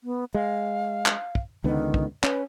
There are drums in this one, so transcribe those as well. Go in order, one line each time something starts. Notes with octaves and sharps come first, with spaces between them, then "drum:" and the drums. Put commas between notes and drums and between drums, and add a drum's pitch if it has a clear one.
B3
G#3 F5
drum: clap
drum: kick
C#2 D3 D#3 B3
drum: kick
C#4 B4, drum: clap